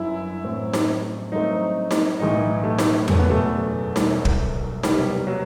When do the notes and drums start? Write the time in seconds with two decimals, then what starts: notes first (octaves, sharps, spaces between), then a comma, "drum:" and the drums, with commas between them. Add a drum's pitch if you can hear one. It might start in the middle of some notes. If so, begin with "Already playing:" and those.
Already playing: G1 F#2 F#3 E4
0.44 A2 F#3 C4
0.73 drum: snare D#4
1.32 G2 F#3 A3 C4 D#4
1.91 drum: snare D#4
2.19 B1 A2 E3 A3 D#4
2.64 A3
2.79 drum: snare D#4
3.08 F#1 E2 B2 F#3 A3, drum: tom E2
3.19 B3
3.30 A3
3.96 C2 B2 F#3, drum: snare D#4
4.25 drum: kick
4.83 C2 C3 F#3 G3 B3, drum: snare D#4
5.27 F#3